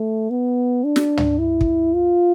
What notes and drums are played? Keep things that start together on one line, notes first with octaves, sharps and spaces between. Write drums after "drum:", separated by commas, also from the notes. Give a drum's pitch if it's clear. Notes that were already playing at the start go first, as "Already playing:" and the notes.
Already playing: A3
B3
D4
drum: snare
drum: tom
E4
drum: kick
F4